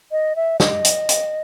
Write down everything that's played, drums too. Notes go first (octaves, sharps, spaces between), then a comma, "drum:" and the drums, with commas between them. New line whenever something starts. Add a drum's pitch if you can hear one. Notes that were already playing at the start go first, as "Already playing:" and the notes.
D#5
E5
D#5, drum: snare
drum: hi-hat
drum: hi-hat